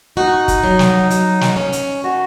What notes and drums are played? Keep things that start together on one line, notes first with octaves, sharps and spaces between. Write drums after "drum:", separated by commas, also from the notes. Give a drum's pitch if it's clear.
D#4 F#4
drum: kick, hi-hat
F#3
drum: snare
F#3, drum: hi-hat
drum: snare
C#4
drum: hi-hat
D#3 F#4